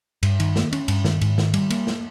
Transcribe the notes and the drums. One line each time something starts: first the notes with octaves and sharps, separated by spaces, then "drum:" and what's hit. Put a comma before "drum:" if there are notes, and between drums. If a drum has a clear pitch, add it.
G2, drum: cymbal
D#3, drum: cymbal
A#3, drum: snare
C#4, drum: cymbal
G2, drum: cymbal
D#3, drum: snare
G#2, drum: cymbal
D#3, drum: snare
G3, drum: cymbal
A#3, drum: cymbal
drum: snare